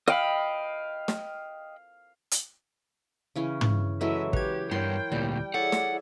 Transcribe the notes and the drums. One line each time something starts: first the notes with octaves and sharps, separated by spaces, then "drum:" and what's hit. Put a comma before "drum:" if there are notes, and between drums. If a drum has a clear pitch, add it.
D#5 F5 G5 B5
drum: snare
drum: hi-hat
C#3 E3 C#4
drum: tom
E3 F#3 G#3 A4 E5
G4 B4 G#6, drum: kick
G2 B3 E4 A#4 C#5 G5 C6
D2 A#2 G3
E4 G#4 A4 C#5 D5 F#5 D6
drum: snare